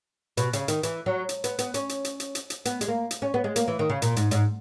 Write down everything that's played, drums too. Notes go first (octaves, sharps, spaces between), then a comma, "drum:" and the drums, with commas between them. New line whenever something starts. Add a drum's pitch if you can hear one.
B2, drum: hi-hat
C#3, drum: hi-hat
D#3, drum: hi-hat
E3, drum: hi-hat
F#3
drum: hi-hat
B3, drum: hi-hat
B3, drum: hi-hat
C#4, drum: hi-hat
drum: hi-hat
drum: hi-hat
drum: hi-hat
drum: hi-hat
drum: hi-hat
B3, drum: hi-hat
G#3, drum: hi-hat
A#3
drum: hi-hat
C#4
B3
G#3
A#3, drum: hi-hat
E3
D#3
C#3
A#2, drum: hi-hat
G#2, drum: hi-hat
G#2, drum: hi-hat